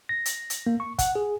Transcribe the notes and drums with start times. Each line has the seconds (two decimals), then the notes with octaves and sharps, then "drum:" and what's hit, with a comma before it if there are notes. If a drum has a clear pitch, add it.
0.09 A#6
0.26 drum: hi-hat
0.50 drum: hi-hat
0.67 A#3
0.80 C#6
0.99 F#5, drum: kick, hi-hat
1.16 G#4